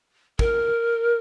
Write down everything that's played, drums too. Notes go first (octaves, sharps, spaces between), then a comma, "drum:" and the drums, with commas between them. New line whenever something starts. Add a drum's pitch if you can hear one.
A#4, drum: kick